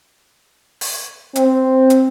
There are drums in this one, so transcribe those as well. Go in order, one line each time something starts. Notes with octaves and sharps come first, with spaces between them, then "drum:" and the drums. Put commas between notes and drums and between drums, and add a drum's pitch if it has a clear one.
drum: open hi-hat
C4, drum: hi-hat
drum: hi-hat